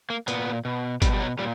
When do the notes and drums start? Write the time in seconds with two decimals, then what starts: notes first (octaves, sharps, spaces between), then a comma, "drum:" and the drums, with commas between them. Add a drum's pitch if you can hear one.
0.10 A#3
0.28 A#2 B3, drum: hi-hat
0.65 B2
1.02 B2 G3, drum: kick, hi-hat
1.13 G3
1.20 F#3
1.39 A#2 G3